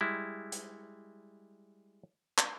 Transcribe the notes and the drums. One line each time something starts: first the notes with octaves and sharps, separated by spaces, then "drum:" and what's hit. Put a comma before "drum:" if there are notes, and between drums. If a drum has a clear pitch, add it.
G3 G#3 E4
drum: hi-hat
drum: clap